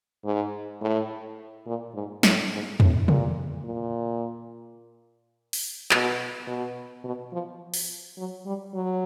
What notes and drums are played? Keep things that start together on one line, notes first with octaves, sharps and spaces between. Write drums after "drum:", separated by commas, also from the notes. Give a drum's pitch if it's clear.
G#2
A2
A#2
G#2
A2, drum: snare
G#2
A2, drum: tom E2
A#2, drum: tom C3
A#2
drum: open hi-hat
B2, drum: clap
B2
B2
F3
drum: open hi-hat
F#3
G3
F#3